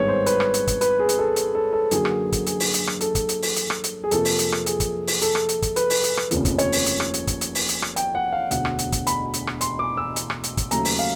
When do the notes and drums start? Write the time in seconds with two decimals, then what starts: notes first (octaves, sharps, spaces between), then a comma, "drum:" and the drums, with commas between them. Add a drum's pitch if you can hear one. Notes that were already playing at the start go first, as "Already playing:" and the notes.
Already playing: G#1 G2 D#3 G#3 B3 C#5
0.08 C5
0.26 B4, drum: hi-hat
0.40 drum: rim click
0.54 drum: hi-hat
0.67 drum: kick, hi-hat
0.81 B4, drum: hi-hat
0.99 G#4
1.09 drum: hi-hat
1.18 A4
1.36 drum: hi-hat
1.55 A4
1.73 A4
1.91 F#2 D3 F#3 A#3 G#4, drum: hi-hat
2.05 drum: rim click
2.32 drum: kick, hi-hat
2.46 G#4, drum: hi-hat
2.60 drum: open hi-hat
2.74 drum: hi-hat
2.87 drum: rim click
3.01 A4, drum: hi-hat
3.15 drum: kick, hi-hat
3.29 drum: hi-hat
3.42 drum: open hi-hat
3.56 drum: hi-hat
3.70 drum: rim click
3.84 drum: hi-hat
4.04 G#4
4.11 F2 C3 F3 A#3 A4, drum: hi-hat
4.25 drum: open hi-hat
4.39 drum: hi-hat
4.52 drum: rim click
4.66 G#4, drum: hi-hat
4.80 drum: kick, hi-hat
5.07 drum: open hi-hat
5.22 A4, drum: hi-hat
5.35 drum: rim click
5.49 drum: hi-hat
5.62 drum: kick, hi-hat
5.76 B4, drum: hi-hat
5.90 drum: open hi-hat
6.04 drum: hi-hat
6.17 drum: rim click
6.31 F1 D#2 C#3 F3, drum: hi-hat
6.45 drum: kick, hi-hat
6.58 C#5, drum: hi-hat
6.72 drum: open hi-hat
6.86 drum: hi-hat
7.00 drum: rim click
7.14 drum: hi-hat
7.27 drum: kick, hi-hat
7.41 drum: hi-hat
7.55 drum: open hi-hat
7.69 drum: hi-hat
7.82 drum: rim click
7.96 G5, drum: hi-hat
8.15 F#5
8.32 F5
8.51 E1 D2 D3 F#5, drum: hi-hat
8.65 drum: rim click
8.79 drum: hi-hat
8.92 drum: kick, hi-hat
9.07 B5, drum: hi-hat
9.34 drum: hi-hat
9.47 drum: rim click
9.61 C6, drum: hi-hat
9.79 D6
9.97 E6
10.16 drum: hi-hat
10.30 drum: rim click
10.44 drum: hi-hat
10.57 drum: kick, hi-hat
10.71 D#2 C#3 F#3 A3 A#5, drum: hi-hat
10.85 drum: open hi-hat
10.99 F5